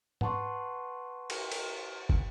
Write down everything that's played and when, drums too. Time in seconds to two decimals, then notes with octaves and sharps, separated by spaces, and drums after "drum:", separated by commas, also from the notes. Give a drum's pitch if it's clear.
0.21 B4 F#5 A5 C6 C#6, drum: tom G#2
1.30 drum: cymbal
1.52 drum: cymbal
2.09 drum: kick